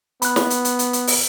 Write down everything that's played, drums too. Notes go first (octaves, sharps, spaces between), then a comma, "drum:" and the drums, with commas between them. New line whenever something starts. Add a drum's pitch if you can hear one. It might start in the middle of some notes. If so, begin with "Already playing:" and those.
B3 B5 F#6, drum: hi-hat
drum: snare
drum: hi-hat
drum: hi-hat
drum: hi-hat
drum: hi-hat
drum: open hi-hat